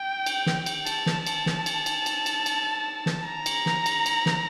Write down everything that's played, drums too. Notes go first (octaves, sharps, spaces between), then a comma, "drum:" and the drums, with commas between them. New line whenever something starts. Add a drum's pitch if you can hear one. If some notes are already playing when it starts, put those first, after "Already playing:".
Already playing: G5
drum: cymbal
drum: snare
drum: cymbal
A5, drum: cymbal
drum: snare
A5, drum: cymbal
drum: snare
drum: cymbal
drum: cymbal
drum: cymbal
drum: cymbal
drum: cymbal
drum: snare
A#5
drum: cymbal
drum: snare
drum: cymbal
drum: cymbal
drum: snare